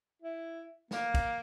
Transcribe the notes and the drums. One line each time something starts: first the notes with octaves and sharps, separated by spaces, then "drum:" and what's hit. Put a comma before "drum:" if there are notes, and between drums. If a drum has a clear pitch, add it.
E4
A#3, drum: snare
drum: kick, cymbal